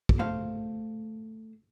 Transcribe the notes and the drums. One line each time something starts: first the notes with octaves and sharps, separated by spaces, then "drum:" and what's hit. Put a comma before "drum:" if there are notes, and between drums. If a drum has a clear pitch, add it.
drum: kick
A3 C5 F5